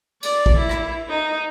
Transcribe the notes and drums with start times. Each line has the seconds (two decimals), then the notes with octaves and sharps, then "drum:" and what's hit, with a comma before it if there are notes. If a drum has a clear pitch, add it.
0.23 D5, drum: cymbal
0.46 drum: kick
0.57 E4
0.69 drum: rim click
1.09 D#4